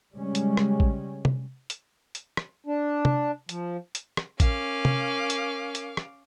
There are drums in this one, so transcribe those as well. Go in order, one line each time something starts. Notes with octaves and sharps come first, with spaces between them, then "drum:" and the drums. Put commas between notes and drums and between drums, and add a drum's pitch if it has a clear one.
C#3 G3 G#3 C#4
drum: hi-hat
drum: rim click
drum: kick A1
drum: tom C3
drum: hi-hat
drum: hi-hat
drum: rim click
D4
drum: tom C3
F3, drum: hi-hat
drum: hi-hat
drum: rim click
C#4 A#4 F5 D6, drum: kick A1, hi-hat
drum: tom C3
drum: hi-hat
drum: hi-hat
drum: rim click